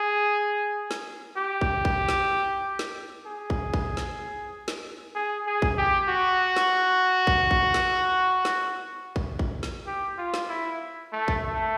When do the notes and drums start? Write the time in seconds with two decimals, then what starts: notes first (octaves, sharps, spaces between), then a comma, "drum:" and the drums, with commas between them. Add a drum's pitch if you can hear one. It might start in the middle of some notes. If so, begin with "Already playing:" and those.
Already playing: G#4
0.91 drum: snare
1.37 G4
1.61 drum: kick
1.85 drum: kick
2.09 drum: snare
2.79 drum: snare
3.26 G#4
3.50 drum: kick
3.74 drum: kick
3.97 drum: snare
4.68 drum: snare
5.15 G#4
5.46 G#4
5.62 drum: kick
5.78 G4
6.09 F#4
6.56 drum: snare
7.27 drum: kick
7.51 drum: kick
7.74 drum: snare
8.45 drum: snare
9.16 drum: kick
9.39 drum: kick
9.63 drum: snare
9.87 G4
10.18 F4
10.34 drum: snare
10.49 E4
11.12 A3
11.28 drum: kick
11.44 A3